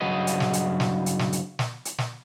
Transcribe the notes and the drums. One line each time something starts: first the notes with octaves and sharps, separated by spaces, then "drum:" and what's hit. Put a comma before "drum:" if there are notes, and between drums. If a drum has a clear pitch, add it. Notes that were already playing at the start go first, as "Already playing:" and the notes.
G2 C#3 F#3 G#4 B4 D#5
drum: hi-hat
drum: snare
drum: hi-hat
drum: snare
drum: hi-hat
drum: snare
drum: hi-hat
drum: snare
drum: hi-hat
drum: snare